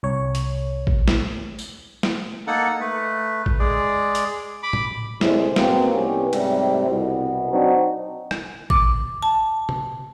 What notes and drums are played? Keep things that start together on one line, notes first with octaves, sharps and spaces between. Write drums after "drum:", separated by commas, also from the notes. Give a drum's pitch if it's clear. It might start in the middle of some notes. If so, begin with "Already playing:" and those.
C2 C#5
drum: hi-hat
drum: kick A1
drum: snare
drum: tambourine
drum: snare
A#3 D#4 A4 F#5
A3 B4
drum: kick A1
G#3 G#4 D5
drum: hi-hat
B5 D6
drum: tom
C2 A2 C3 G#3 C5, drum: snare
G#2 B2 A#3 C4, drum: snare
C2 B3 C#4 G4
G#2 C3 G3 A3 C4, drum: cymbal
C2 B2
F#3 C4 D4 D#4 F#4
drum: rim click
D6, drum: kick A1
A5
drum: tom